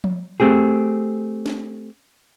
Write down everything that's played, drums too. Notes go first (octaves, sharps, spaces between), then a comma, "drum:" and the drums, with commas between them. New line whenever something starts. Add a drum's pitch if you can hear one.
drum: tom F3
A3 C4 G4 G#4
drum: snare D4